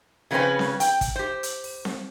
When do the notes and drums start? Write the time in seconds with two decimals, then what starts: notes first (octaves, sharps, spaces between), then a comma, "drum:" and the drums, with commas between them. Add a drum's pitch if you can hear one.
0.31 C#3 F3 A3 C4 C#4 B4
0.59 drum: snare C4
0.80 G5, drum: hi-hat
1.01 drum: kick, hi-hat
1.16 G4 C5
1.43 drum: hi-hat
1.64 drum: open hi-hat
1.85 drum: snare C4